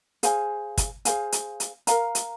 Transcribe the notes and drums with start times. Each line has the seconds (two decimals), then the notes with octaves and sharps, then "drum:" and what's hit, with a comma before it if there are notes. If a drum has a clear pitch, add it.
0.23 G#4 C5 F5 G#5, drum: hi-hat
0.78 drum: kick, hi-hat
1.05 G#4 C5 F5 G#5, drum: hi-hat
1.32 drum: hi-hat
1.60 drum: hi-hat
1.87 A#4 F5 A#5, drum: hi-hat
2.15 drum: hi-hat